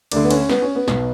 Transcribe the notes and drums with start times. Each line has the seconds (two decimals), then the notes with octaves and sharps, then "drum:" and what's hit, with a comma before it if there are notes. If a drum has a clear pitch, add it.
0.12 D2 D3 D4, drum: cymbal
0.24 B3
0.31 C#4, drum: cymbal
0.49 B3, drum: snare
0.62 C#4
0.75 B3
0.88 B1 B2, drum: snare